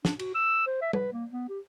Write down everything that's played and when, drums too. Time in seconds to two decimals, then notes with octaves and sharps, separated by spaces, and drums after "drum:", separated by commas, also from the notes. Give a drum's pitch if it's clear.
0.05 D4, drum: snare
0.19 F#4, drum: cymbal
0.35 E6
0.67 C5
0.82 E5
0.93 B4, drum: tom G3
1.13 A#3
1.31 B3
1.49 G4